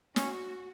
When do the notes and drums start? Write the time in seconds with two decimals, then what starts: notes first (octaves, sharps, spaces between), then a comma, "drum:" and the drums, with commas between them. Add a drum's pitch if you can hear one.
0.16 C#4 F#4, drum: snare